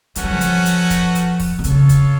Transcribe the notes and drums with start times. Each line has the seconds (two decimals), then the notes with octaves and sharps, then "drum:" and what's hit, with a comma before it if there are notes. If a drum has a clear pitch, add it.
0.15 F3 A3 C#4 F#4 B4 F#5, drum: hi-hat
0.24 F#3
0.31 F3
0.41 drum: hi-hat
0.65 drum: hi-hat
0.90 drum: kick, hi-hat
1.15 drum: hi-hat
1.40 drum: kick, open hi-hat
1.59 B2
1.64 C#3 F4 A4 C#5, drum: hi-hat
1.89 drum: kick, hi-hat